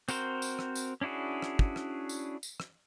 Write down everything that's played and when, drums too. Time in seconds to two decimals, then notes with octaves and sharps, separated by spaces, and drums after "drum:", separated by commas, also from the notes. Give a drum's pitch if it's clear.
0.09 C4 F#4 A#4 C5, drum: tambourine
0.42 drum: tambourine
0.59 drum: rim click
0.75 drum: tambourine
1.01 C#4 D4 E4 F#4 G#4
1.42 drum: rim click
1.59 drum: kick
1.76 drum: rim click
2.09 drum: tambourine
2.43 drum: tambourine
2.60 drum: rim click